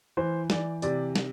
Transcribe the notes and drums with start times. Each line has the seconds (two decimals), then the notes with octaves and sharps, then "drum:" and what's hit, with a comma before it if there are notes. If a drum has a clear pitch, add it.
0.17 E3 C5
0.50 E3 D5, drum: snare
0.82 C3 D5, drum: hi-hat
1.16 drum: snare